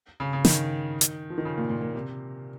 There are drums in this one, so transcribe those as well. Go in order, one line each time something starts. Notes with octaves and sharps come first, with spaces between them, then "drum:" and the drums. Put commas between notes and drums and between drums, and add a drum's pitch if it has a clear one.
C#3
C#3
D#3, drum: snare
drum: hi-hat
F3
D#3
C#3
A#2
A#2
A#2
C3